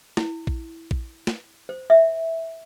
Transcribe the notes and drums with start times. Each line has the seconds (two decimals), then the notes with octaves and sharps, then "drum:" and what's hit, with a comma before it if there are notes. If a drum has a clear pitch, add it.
0.17 E4, drum: snare
0.47 drum: kick A#1
0.91 drum: kick A#1
1.27 drum: snare
1.69 C5
1.90 E5